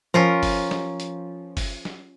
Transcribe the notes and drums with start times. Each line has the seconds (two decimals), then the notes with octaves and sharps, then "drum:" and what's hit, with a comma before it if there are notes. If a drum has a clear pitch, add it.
0.14 F3 C#4 F4 A#4
0.43 drum: kick F#1, open hi-hat
0.71 drum: snare
1.00 drum: hi-hat
1.57 drum: kick F#1, open hi-hat
1.85 drum: snare